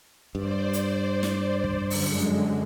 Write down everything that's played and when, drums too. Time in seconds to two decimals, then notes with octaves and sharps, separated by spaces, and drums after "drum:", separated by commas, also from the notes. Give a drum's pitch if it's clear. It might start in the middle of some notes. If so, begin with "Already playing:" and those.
0.35 G2 C5 D5
0.73 drum: hi-hat
1.23 drum: snare
1.64 drum: kick
1.90 F#2 D3 G#3, drum: open hi-hat